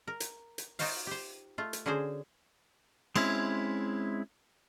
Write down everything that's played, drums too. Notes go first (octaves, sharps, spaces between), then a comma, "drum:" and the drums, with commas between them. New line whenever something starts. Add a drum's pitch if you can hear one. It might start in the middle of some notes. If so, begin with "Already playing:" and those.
A#4
drum: hi-hat
drum: hi-hat
D#4 F4 F#4 C5 F5, drum: open hi-hat
G4 C5
A3 F4
drum: hi-hat
D3 C#4 F#4 G#4 C5
G#3 C4 C#4 E4, drum: cymbal